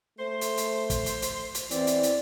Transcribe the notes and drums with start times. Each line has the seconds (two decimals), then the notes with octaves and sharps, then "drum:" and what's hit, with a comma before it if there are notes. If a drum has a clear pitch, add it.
0.19 A3 C5
0.41 drum: hi-hat
0.57 drum: hi-hat
0.90 drum: kick, hi-hat
1.06 drum: hi-hat
1.22 drum: hi-hat
1.55 drum: hi-hat
1.71 E2 E3 C4 D5, drum: hi-hat
1.87 drum: hi-hat
2.03 drum: hi-hat